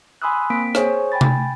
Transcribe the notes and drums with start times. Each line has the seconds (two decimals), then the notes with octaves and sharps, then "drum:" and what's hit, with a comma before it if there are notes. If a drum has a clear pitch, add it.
0.22 G#5 B5 C6 D#6 E6 F#6
0.50 A#3 C4 B6 D7
0.75 G#4 C5 C#5 G#5 C#6, drum: rim click
1.12 G5 G#5 B5 A6
1.21 drum: tom C3